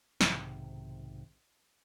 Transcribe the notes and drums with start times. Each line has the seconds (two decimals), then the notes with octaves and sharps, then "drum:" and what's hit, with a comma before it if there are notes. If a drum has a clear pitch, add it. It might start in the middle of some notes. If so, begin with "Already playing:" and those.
0.21 B1 G#2 C3 D#3, drum: snare